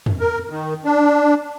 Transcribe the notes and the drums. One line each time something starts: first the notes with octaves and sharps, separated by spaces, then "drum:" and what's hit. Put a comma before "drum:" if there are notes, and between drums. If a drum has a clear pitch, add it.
drum: tom
A#4
D#3
D4